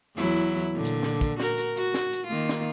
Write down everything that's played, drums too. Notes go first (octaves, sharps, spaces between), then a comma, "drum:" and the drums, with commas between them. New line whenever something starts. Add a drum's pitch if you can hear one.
E2 F#3 E4
A#2 D3
drum: hi-hat
drum: snare
drum: kick, hi-hat
F#4 A#4, drum: snare
drum: hi-hat
F#4, drum: hi-hat
drum: snare
drum: hi-hat
D#3 A#3 F4
drum: snare